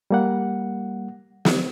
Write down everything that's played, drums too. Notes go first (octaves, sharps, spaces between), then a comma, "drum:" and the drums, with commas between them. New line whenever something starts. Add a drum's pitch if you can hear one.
G3 A#3 F#5
drum: snare